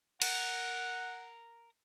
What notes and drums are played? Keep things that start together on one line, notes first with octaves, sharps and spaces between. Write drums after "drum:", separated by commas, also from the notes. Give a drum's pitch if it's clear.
A#4 F#5, drum: cymbal